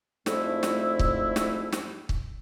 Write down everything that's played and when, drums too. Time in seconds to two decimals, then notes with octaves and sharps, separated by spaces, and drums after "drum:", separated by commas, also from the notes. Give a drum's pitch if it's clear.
0.26 F2 G#2 D3 F3 A3 E4, drum: snare
0.63 drum: snare
0.99 drum: kick
1.36 drum: snare
1.73 drum: snare
2.09 drum: kick